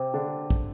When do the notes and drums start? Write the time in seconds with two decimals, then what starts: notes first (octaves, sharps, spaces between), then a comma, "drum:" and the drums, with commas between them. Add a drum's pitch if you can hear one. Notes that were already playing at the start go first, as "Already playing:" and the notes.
Already playing: C3 C4 C5 G5 D6
0.14 D3 D4
0.50 drum: kick